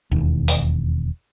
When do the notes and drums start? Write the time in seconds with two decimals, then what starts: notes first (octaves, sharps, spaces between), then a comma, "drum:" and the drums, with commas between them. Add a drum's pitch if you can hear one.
0.12 E1 D#2
0.48 drum: open hi-hat